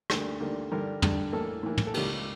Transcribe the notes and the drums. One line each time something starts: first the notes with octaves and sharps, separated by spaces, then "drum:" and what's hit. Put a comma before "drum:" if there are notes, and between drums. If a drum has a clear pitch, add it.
D2 D3 G3 A#3, drum: rim click
D2 D3 G3 A#3
G2 D3 G3 A#4
G2 D3 G3, drum: tom
A2 E3 A#3 A4
A2 E3 A#3
drum: tom
A4
C#2 C#3 G3 A#3 G4, drum: cymbal